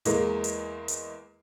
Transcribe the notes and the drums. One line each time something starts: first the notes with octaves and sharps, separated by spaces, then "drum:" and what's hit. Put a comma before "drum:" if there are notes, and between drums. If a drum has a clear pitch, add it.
E2 G#3 A#3, drum: hi-hat
drum: hi-hat
drum: hi-hat